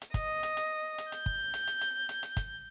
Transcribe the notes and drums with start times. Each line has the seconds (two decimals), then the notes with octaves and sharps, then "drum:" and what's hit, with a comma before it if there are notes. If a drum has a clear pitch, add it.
0.02 drum: hi-hat
0.14 D#5, drum: kick, hi-hat
0.43 drum: hi-hat
0.57 drum: hi-hat
0.98 drum: hi-hat
1.12 G6, drum: hi-hat
1.26 drum: kick
1.54 drum: hi-hat
1.67 drum: hi-hat
1.81 drum: hi-hat
2.09 drum: hi-hat
2.23 drum: hi-hat
2.37 drum: kick, hi-hat